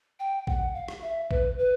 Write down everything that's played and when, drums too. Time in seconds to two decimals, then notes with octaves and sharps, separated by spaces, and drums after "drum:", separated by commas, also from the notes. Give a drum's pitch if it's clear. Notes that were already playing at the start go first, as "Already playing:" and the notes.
0.20 G5
0.47 F#5, drum: kick
0.74 F5
0.88 drum: rim click
1.02 E5
1.31 B4, drum: kick
1.58 B4